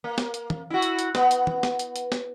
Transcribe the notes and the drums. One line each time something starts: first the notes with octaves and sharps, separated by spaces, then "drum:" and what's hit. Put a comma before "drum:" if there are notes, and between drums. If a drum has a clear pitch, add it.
A#3
drum: snare
drum: hi-hat
drum: tom
E4 F#4
drum: hi-hat
drum: hi-hat
B3, drum: snare
drum: hi-hat
drum: tom
drum: snare
drum: hi-hat
drum: hi-hat
drum: snare